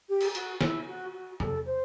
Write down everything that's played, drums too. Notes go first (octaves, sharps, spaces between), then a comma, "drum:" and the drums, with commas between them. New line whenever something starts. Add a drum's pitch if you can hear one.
G4
drum: cymbal
F#4, drum: hi-hat
E4, drum: snare
F#4
F#4
A4, drum: tom E2
C5